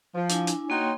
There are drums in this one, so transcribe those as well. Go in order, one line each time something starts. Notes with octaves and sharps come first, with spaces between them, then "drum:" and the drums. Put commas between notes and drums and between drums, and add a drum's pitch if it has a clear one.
F3
D4 E4 G#5, drum: hi-hat
drum: hi-hat
A#3 D#4 F#4 C#5 G5 C6